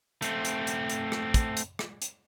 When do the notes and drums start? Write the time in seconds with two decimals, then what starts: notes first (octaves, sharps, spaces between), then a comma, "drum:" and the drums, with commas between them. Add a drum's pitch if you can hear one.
0.22 A3 C4, drum: hi-hat
0.45 drum: hi-hat
0.67 drum: hi-hat
0.90 drum: hi-hat
1.12 drum: rim click
1.34 drum: kick, hi-hat
1.57 drum: hi-hat
1.79 drum: rim click
2.02 drum: hi-hat